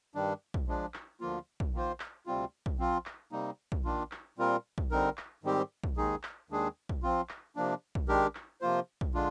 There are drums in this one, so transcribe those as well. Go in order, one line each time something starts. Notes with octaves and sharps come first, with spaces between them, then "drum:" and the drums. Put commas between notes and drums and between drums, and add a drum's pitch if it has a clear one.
G2 D#3 G3 D4
drum: kick
F3 G#3 D4
drum: clap
D2 D3 F3 A#3 F4
drum: kick
D#3 A#3 F4 C5
drum: clap
D2 C3 G3 C4 F4
drum: kick
F3 C4 F4
drum: clap
C3 G3 A#3 D#4
drum: kick
D#3 A#3 D4 F4
drum: clap
A#2 G3 C4 F4 A#4
drum: kick
D3 G3 C4 D#4 A#4
drum: clap
G#2 D#3 G3 C4 G4
drum: kick
D#2 D#3 G#3 D#4 G#4
drum: clap
D#2 D#3 G#3 D4 G#4
drum: kick
F3 C4 F4
drum: clap
C3 F3 A#3 D4
drum: kick
D#3 G#3 D4 G4 A#4
drum: clap
C3 F3 A#3 F4 C5
drum: kick
D3 G#3 D4 F4